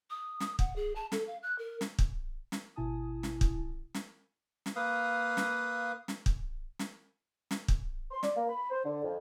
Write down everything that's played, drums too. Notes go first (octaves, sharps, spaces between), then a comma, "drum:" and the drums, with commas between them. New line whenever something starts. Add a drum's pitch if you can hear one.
D#6
D#6, drum: snare
F#5, drum: kick
G#4
A5
A4, drum: snare
F5
F#6
A#4
drum: snare
drum: kick
drum: snare
G#1 B2 E4 G#5 A5 D#6
drum: snare
drum: kick
drum: snare
drum: snare
A#3 B4 F5 D#6
drum: snare
drum: snare
drum: kick
drum: snare
drum: snare
drum: kick
C6
D5, drum: snare
A#3
B5
C5
D3
F2